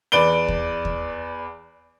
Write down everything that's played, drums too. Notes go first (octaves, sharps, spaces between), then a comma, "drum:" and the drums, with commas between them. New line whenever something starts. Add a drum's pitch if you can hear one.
E2 B4 D5 D7 G7
drum: kick D#2
drum: kick D#2